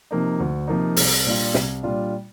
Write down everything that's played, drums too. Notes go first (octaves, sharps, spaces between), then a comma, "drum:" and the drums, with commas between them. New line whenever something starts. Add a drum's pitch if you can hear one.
C3 F3 A#3 D#4
D2
C3 F3 A#3 D#4
C2, drum: open hi-hat
A#2 G3 D4 F4
C2, drum: snare
A#2 G3 D4 F4